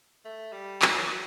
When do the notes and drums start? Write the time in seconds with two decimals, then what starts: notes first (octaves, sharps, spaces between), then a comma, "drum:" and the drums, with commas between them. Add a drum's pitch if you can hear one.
0.25 A3
0.52 G3
0.82 F#3, drum: clap
1.10 F#3